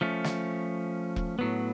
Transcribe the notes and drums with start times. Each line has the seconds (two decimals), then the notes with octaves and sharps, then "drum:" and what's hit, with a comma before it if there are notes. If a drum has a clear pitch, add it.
0.01 F3 A3 C#4
0.24 drum: snare
1.16 drum: kick E1
1.39 A2 F#3 B3